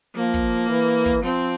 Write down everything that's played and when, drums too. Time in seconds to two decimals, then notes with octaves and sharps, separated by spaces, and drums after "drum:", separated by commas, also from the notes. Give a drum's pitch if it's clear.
0.15 F3 A#3, drum: hi-hat
0.34 drum: kick, hi-hat
0.52 drum: open hi-hat
0.69 E3, drum: hi-hat
0.88 drum: hi-hat
1.06 drum: kick, hi-hat
1.23 F3 C4, drum: open hi-hat
1.41 drum: hi-hat